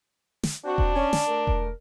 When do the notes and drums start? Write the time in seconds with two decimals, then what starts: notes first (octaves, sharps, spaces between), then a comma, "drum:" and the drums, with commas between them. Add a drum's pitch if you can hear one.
0.43 drum: snare
0.65 C4 D4 F#4
0.78 drum: kick E1
0.95 C#4
1.13 drum: snare
1.27 A3 A#4
1.47 drum: kick E1